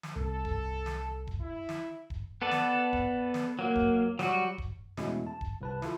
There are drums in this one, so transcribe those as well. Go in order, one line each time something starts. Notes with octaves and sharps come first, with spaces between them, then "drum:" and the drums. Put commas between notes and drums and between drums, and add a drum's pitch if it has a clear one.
drum: snare
C2 A4
drum: kick D#1
drum: snare
drum: kick D#1
E4
drum: snare
drum: kick D#1
B3 A4 B4 D5
drum: snare
drum: kick D#1
drum: snare
F#3 A#3
drum: kick D#1
F#3 G3 F#4, drum: snare
drum: kick D#1
E2 B2 G#3 A3 C#4 E4, drum: snare
A5
drum: kick D#1
C2 B4 A5
E4 F4 A4, drum: snare